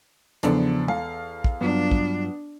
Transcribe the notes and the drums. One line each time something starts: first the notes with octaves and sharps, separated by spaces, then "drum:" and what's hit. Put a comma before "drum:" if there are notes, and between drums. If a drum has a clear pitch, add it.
E2 C#3 F3 B3 D4 A4 C5, drum: hi-hat
A4 F5, drum: tom
drum: kick
G2 F#3 B3 D4 F4
drum: kick